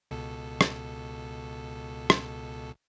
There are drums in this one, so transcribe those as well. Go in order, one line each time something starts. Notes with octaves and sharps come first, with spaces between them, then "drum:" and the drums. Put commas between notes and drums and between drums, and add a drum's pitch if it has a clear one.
C#2 B2 A4
drum: rim click
drum: rim click